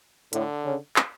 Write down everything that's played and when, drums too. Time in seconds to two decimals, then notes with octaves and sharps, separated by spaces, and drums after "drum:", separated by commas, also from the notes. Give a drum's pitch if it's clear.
0.33 A2 D3, drum: hi-hat
0.65 C#3
0.96 drum: clap